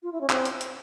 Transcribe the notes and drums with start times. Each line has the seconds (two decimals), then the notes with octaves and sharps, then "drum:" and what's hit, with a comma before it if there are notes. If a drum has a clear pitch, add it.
0.03 F4
0.12 E4
0.21 C#4
0.30 C4, drum: clap
0.45 drum: hi-hat
0.61 drum: hi-hat